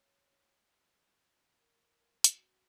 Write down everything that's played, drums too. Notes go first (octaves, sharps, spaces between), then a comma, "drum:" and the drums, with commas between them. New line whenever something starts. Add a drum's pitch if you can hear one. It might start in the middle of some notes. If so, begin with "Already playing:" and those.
Already playing: C#5
A#4
F#4, drum: hi-hat